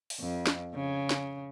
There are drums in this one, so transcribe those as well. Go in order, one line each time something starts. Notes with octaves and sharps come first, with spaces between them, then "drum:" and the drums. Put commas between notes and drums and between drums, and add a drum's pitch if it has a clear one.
drum: open hi-hat
F2
drum: snare
C#3
drum: snare